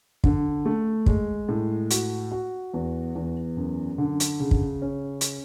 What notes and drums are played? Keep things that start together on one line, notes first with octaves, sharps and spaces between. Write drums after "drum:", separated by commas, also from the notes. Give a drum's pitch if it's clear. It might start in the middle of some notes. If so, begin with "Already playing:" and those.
D3, drum: kick
A3
G#3, drum: kick
A2
F#4, drum: hi-hat
F#4
E2
E2
F#2
D3
drum: hi-hat
C#3
drum: kick
C#4
drum: hi-hat